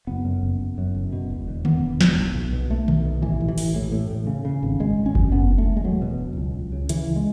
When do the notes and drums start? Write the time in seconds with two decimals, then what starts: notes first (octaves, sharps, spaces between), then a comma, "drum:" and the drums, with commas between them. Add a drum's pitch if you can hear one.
0.07 F#1 B3
0.24 F#2
0.43 F#1
0.60 F#1
0.78 F#2
0.95 F#1
1.13 B2
1.30 E1
1.48 E2
1.65 E1 B3, drum: tom D3
1.82 E1
2.01 E1, drum: snare
2.18 B1
2.34 B1
2.53 B2
2.70 B1 A3
2.88 B1, drum: tom D3
3.05 B2
3.22 A1 E3
3.40 A1
3.48 E3
3.58 A1, drum: open hi-hat
3.74 A2 E3
3.92 A2
4.10 A2
4.27 C#3
4.45 C#3
4.63 G#1
4.80 G#1 G#3
4.98 G#1
5.06 C#4
5.15 F#2, drum: kick F#1
5.32 E1 B3
5.50 E1
5.58 A3
5.68 E1
5.77 G#3
5.84 E2 F#3
6.02 B2
6.20 E1
6.37 C#2
6.55 C#2
6.72 C#3
6.89 C#3 E3, drum: hi-hat
7.08 C#2
7.16 G#3